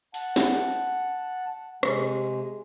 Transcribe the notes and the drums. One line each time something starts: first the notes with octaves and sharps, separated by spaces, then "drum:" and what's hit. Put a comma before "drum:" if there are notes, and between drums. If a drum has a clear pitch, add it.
F#5 A5, drum: open hi-hat
drum: snare
C3 G#3, drum: rim click